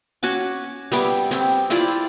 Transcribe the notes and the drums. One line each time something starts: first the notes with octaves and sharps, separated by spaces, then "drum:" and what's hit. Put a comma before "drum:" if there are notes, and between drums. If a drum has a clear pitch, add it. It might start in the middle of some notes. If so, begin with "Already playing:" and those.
C#4 F#4 G#5 D6
G3 B3 E5 D6, drum: hi-hat
C4, drum: hi-hat
E4 F4 C5 D5, drum: hi-hat